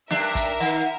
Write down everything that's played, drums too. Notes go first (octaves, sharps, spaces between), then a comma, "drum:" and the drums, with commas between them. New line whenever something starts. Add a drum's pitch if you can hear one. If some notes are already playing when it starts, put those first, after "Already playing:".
G2 D4 A#4 E5, drum: snare
drum: kick, hi-hat
D#3 F#5, drum: hi-hat